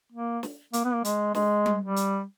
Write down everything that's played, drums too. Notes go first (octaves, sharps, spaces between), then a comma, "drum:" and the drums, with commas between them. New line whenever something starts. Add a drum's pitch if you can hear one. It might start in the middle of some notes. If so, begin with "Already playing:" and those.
A#3
drum: snare
A#3, drum: hi-hat
B3
A#3
G#3, drum: hi-hat
G#3, drum: snare
drum: tom G3
G3
drum: hi-hat